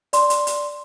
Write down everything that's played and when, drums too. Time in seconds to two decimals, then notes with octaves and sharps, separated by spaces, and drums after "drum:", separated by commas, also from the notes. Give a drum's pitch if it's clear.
0.13 D5 C6, drum: hi-hat
0.30 drum: hi-hat
0.47 drum: hi-hat